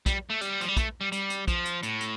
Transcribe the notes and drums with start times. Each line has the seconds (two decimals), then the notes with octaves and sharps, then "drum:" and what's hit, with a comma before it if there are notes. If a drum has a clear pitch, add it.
0.06 G3, drum: kick, hi-hat
0.30 A3
0.41 G3, drum: hi-hat
0.61 F3, drum: hi-hat
0.68 G3
0.77 A3, drum: kick, hi-hat
1.01 G3
1.12 G3, drum: hi-hat
1.30 drum: hi-hat
1.48 F3, drum: kick, hi-hat
1.65 drum: hi-hat
1.83 A2, drum: hi-hat
2.01 drum: hi-hat